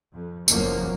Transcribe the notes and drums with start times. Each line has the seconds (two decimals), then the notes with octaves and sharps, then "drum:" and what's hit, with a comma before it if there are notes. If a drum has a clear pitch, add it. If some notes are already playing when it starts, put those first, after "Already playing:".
0.14 F2
0.48 F#1 E2 F3 F#3 A#3 C#4, drum: tambourine